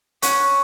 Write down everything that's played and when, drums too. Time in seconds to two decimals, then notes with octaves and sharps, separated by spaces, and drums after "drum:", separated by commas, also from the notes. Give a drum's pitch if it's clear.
0.22 C#4 F#5, drum: hi-hat